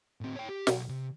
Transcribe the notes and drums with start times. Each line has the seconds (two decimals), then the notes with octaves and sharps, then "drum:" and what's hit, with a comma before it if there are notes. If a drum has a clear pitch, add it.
0.21 A2 C4
0.36 C#5 G5
0.49 G4
0.67 B1, drum: snare
0.89 C3